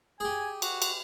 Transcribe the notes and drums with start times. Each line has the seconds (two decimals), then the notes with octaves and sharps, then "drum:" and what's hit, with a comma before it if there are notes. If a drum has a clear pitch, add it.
0.20 G4 G#4 G#5
0.62 F#4, drum: cymbal
0.82 drum: cymbal